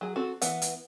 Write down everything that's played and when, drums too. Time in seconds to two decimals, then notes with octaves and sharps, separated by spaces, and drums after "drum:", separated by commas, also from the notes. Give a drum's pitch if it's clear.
0.01 F#3 G#4
0.16 C4 F#4 A4
0.42 E3 B3 F#5, drum: hi-hat
0.62 drum: hi-hat